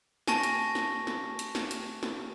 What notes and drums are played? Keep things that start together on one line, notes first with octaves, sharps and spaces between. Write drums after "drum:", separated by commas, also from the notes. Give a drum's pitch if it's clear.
G#5 A5 C#6 A#6, drum: snare
drum: hi-hat
drum: snare
drum: snare
drum: hi-hat
drum: snare
drum: hi-hat
drum: snare